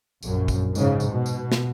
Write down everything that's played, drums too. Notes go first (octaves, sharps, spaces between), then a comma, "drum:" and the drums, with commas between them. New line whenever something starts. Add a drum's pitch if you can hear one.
A#1 F#2, drum: tambourine
drum: kick, tambourine
G#2 C#3, drum: tambourine
drum: tambourine
B2
drum: tambourine
drum: snare